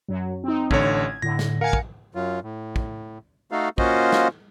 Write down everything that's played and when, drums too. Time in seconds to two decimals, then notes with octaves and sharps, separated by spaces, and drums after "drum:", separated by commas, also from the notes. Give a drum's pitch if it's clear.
0.08 F#2 F#3
0.44 C4 D#4
0.71 A1 D3 C#5 G#6, drum: kick
1.22 A2 D3 A#6
1.39 drum: snare
1.61 A#4 F5 F#5 G#5 C#7
1.73 drum: kick
2.15 F#2 F#3 F4
2.43 A2
2.76 drum: kick
3.52 A3 D#4 F#4 A4 F5
3.78 A#3 C#4 F4 F#4 C5 D#5, drum: kick
4.12 drum: snare